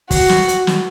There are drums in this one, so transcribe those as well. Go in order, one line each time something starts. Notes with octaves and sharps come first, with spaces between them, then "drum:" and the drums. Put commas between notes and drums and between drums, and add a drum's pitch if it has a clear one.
F#4, drum: kick, open hi-hat
drum: snare
drum: hi-hat
drum: snare